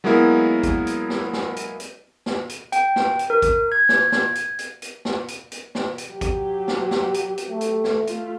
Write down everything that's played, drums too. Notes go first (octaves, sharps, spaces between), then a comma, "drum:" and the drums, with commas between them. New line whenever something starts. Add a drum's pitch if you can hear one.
F#3 G#3 A#3 B3 E4 A#4
drum: kick, hi-hat
drum: hi-hat
drum: snare
drum: snare
drum: hi-hat
drum: hi-hat
drum: snare
drum: hi-hat
G5, drum: hi-hat
drum: snare
drum: hi-hat
A#4
drum: kick, hi-hat
G#6
drum: snare
drum: snare
drum: hi-hat
drum: hi-hat
drum: hi-hat
drum: snare
drum: hi-hat
drum: hi-hat
drum: snare
drum: hi-hat
F#3 G4
drum: kick, hi-hat
F#4
drum: snare
drum: snare
drum: hi-hat
drum: hi-hat
A3
drum: hi-hat
drum: snare
A3 F4, drum: hi-hat